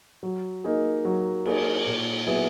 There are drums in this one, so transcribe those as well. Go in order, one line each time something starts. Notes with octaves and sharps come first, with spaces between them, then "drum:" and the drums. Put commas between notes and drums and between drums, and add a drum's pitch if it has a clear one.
F#3
A#3 D#4 G#4
F#3
A#3 D#4 G#4, drum: cymbal
A#2
F#3 B3 E4 G#4